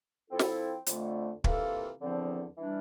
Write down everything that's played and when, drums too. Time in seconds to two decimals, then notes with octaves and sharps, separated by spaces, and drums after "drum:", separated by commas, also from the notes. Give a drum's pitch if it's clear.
0.30 F3 C4 E4 A4
0.39 drum: snare
0.86 F2 D3 A3, drum: hi-hat
1.44 C3 E3 A#3 F4 A4, drum: kick
2.00 E2 D3 F3 C4
2.58 E3 G3 D4